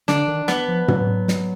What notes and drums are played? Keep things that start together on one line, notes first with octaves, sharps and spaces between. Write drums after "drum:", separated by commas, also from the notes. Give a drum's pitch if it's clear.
D3 D4, drum: snare
D#3
B3, drum: snare
F3
F#3, drum: tom
drum: snare